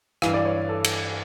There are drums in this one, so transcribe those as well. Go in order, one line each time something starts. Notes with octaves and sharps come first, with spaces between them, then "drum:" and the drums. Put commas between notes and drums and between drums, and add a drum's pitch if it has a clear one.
G2 E3 F5, drum: rim click
D5
C#5
A4
drum: cymbal